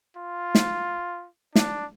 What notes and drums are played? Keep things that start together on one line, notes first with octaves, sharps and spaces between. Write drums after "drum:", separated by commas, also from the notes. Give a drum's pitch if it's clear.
F4
drum: snare
D4, drum: snare